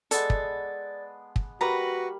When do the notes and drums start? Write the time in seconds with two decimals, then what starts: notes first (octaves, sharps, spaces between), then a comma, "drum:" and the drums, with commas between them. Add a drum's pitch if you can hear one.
0.11 G#3 B3 A4 D5 D6 A6, drum: hi-hat
0.30 drum: kick
1.36 drum: kick
1.61 G3 A#3 F#4 B4 A#5 B6